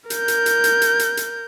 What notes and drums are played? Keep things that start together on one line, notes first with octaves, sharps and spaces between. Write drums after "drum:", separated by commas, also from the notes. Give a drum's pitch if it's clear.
A#4 G6, drum: hi-hat
drum: hi-hat
drum: hi-hat
drum: hi-hat
drum: hi-hat
drum: hi-hat
drum: hi-hat